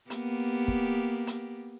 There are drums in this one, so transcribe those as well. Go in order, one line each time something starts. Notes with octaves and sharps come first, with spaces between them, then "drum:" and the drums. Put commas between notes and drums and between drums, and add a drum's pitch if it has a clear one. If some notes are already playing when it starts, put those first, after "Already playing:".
A#3 B3 G4, drum: hi-hat
drum: kick
drum: hi-hat